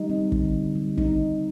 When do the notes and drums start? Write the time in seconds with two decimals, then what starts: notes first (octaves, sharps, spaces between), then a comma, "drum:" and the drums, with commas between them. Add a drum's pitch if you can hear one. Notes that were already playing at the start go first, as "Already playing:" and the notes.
Already playing: G3 D#4
0.09 C4
0.32 D3, drum: kick
0.53 D3
0.75 G3
0.98 C4 D#4, drum: kick
1.19 D3